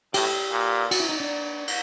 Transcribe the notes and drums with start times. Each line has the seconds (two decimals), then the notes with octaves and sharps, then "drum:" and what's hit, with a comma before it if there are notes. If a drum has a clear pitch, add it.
0.14 A2 G4, drum: cymbal
0.52 A#2
0.91 F#4, drum: cymbal
1.00 E4
1.09 D#4
1.20 D4
1.67 drum: cymbal